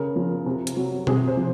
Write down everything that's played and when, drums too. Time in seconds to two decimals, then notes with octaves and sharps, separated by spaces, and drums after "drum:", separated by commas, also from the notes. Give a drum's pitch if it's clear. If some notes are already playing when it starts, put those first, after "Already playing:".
Already playing: C#3 A#4
0.16 F3
0.46 C3
0.67 drum: hi-hat
0.77 F#3
1.07 C3 G#4, drum: tom B2
1.28 C5
1.37 F3